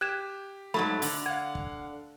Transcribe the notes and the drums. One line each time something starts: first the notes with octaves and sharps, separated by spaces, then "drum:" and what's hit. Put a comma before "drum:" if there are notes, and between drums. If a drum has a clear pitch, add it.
G4 F#6 G#6 E7
G#2 F#3 A3 B5
D3, drum: open hi-hat
F5 F#5 G#6
drum: kick